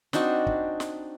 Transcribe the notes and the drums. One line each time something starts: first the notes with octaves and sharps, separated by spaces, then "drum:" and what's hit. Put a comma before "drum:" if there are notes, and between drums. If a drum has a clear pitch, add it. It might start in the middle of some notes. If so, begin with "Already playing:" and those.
C4 D4 D#4 F#4, drum: snare
drum: kick
drum: snare